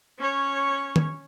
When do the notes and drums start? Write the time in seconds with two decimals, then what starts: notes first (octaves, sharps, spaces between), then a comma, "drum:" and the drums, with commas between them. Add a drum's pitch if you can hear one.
0.19 C#4 C#5
0.96 drum: tom D#3